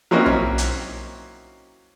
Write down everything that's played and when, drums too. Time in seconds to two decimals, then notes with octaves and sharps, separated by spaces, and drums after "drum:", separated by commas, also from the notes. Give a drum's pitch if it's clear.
0.11 F#3 A#3 C4 C#4 D#4 E4
0.26 drum: tom B1
0.58 drum: hi-hat